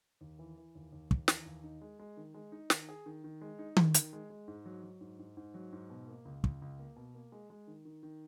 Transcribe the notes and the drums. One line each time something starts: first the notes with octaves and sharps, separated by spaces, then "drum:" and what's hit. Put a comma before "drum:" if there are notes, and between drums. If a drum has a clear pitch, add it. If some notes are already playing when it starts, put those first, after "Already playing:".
D#2
E3
E3
D#2
D#2
D#2, drum: kick
E3, drum: snare
D#2
D#4
G#3
G#3
D#3
G#3
D#4
D#3, drum: snare
G#4
D#3
D#3
G#3
D#4
D#3, drum: tom D#3
D#3, drum: hi-hat
G#3
G#3
G#2
F#3
F#3
G#2
G#2
G#2
F#3
G#2
B2
A#3
C#2
C#2, drum: kick
C#2
A#3
B2
A#3
G#3
G#3
D#3
D#3
D#3